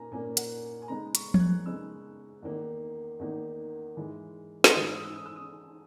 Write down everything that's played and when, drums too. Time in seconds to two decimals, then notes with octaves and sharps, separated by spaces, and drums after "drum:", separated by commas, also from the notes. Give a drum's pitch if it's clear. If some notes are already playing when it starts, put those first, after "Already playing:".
Already playing: A#2 A#3 G#5 A#5
0.11 A#2 A#3 C#4 G#5
0.37 F#5, drum: hi-hat
0.82 G#5
0.88 C#3 G#3 B3 D#4 A#5
1.15 C#6, drum: hi-hat
1.34 G#6, drum: tom F3
1.39 F#6
1.66 C#3 G#3 B3 D#4 E6
2.42 E2 D#3 A#3 D#4
3.19 E2 D#3 A#3 D#4
3.96 G#2 E3 G#3
4.64 drum: snare
4.73 G#2 E3 G#3 D#6
4.84 E6
4.94 D#6
5.04 E6
5.16 D#6
5.26 E6
5.36 D#6